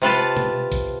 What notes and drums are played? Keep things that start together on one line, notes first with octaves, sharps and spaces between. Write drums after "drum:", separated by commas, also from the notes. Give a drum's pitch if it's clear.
C3 F4 B4 A5
drum: tom B2
drum: kick, hi-hat